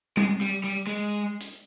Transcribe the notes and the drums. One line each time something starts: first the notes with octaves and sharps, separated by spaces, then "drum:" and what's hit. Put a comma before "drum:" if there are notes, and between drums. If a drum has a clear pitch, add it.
G#3, drum: tom G3
G3
G3
G#3
drum: hi-hat